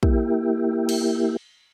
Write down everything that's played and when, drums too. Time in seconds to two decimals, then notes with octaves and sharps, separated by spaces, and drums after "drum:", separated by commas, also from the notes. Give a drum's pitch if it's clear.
0.03 A#3 E4 G4, drum: kick
0.89 drum: cymbal